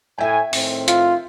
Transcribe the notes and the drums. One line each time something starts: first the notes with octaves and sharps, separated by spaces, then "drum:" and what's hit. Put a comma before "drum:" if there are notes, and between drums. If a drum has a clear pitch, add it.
A2 E5 G5 G#5
A2 D#3 C4, drum: open hi-hat
F4, drum: hi-hat